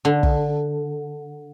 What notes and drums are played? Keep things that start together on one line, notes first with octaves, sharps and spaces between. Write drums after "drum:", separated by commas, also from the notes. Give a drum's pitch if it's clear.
D3
drum: kick